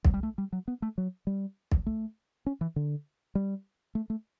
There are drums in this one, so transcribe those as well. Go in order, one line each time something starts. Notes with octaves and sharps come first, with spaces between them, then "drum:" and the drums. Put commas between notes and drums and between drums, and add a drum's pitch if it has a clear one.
F#3, drum: kick
G3
A3
G3
F#3
B3
A3
F#3
G3
drum: kick
A3
C#4
E3
D3
G3
A3
A3